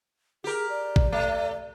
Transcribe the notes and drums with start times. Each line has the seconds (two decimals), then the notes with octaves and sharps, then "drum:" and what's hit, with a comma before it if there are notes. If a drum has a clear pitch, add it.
0.44 G4 G#4 A#4
0.69 D5
0.96 drum: kick A1
1.12 A3